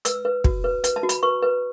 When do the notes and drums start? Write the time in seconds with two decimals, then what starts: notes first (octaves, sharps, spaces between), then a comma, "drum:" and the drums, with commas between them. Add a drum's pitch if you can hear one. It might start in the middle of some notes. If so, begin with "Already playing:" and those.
0.05 B4 E6, drum: hi-hat
0.25 B4
0.44 F#4, drum: kick
0.64 B4
0.84 B4, drum: hi-hat
0.96 A5
1.03 F#4
1.09 B5, drum: hi-hat
1.23 B4 C#6
1.42 B4